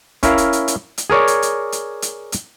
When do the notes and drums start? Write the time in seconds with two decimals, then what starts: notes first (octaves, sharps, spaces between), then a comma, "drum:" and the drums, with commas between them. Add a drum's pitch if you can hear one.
0.23 C#4 E4 A#4 F5, drum: kick, hi-hat
0.38 drum: hi-hat
0.53 drum: hi-hat
0.68 drum: hi-hat
0.98 drum: hi-hat
1.10 G#4 A#4 C#5 D5
1.27 drum: hi-hat
1.42 drum: hi-hat
1.72 drum: hi-hat
2.02 drum: hi-hat
2.32 drum: hi-hat